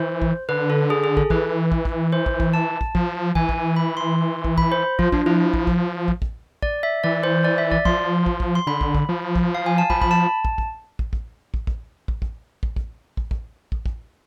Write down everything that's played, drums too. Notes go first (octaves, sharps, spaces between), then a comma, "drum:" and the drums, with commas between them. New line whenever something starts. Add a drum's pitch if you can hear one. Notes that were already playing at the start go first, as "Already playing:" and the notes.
Already playing: E3 C5
drum: kick
D3 B4
A4
G#4
G#4
A4, drum: kick
E3 B4, drum: kick
drum: kick
drum: kick
C5
drum: kick
drum: kick
A5
drum: kick
F3, drum: kick
E3 G#5, drum: kick
drum: kick
B5
C6
drum: kick
B5, drum: kick
C5
F3 F4, drum: kick
F3 D4, drum: kick
F3 E4
drum: kick
drum: kick
drum: kick
drum: kick
D5, drum: kick
E5
E3 D5
C5
D5
E5
D5, drum: kick
F3 C6, drum: kick
drum: kick
drum: kick
C6
D3 B5
drum: kick
drum: kick
F3
drum: kick
F5
G#5
A5
F3 B5, drum: kick
B5, drum: kick
A5
drum: kick
drum: kick
drum: kick
drum: kick
drum: kick
drum: kick
drum: kick
drum: kick
drum: kick
drum: kick
drum: kick
drum: kick
drum: kick
drum: kick